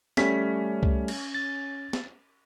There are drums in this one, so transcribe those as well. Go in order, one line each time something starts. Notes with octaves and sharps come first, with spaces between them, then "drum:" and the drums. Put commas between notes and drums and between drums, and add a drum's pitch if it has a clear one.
G3 A3 C#4 B6, drum: snare
drum: kick C2
drum: cymbal
A6
drum: snare